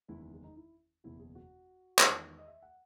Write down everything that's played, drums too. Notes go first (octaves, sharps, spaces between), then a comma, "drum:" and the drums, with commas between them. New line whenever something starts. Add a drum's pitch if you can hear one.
F#1 E2 D#3 G#3 E4
E4
G#4
D#4
E4
F#1 E2 B2 E4
G#4
F#4
E2 D#3 G#3, drum: clap
D#5
E5
F#5